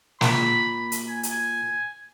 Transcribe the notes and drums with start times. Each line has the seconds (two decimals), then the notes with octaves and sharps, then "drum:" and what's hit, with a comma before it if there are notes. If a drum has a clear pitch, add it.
0.21 A#2 B5, drum: snare
0.92 drum: hi-hat
1.09 G#5
1.23 drum: hi-hat